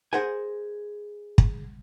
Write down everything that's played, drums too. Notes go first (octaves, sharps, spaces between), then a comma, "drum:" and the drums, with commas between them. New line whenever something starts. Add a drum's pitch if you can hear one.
G#4 A#4 C5 F#5 G#5
drum: kick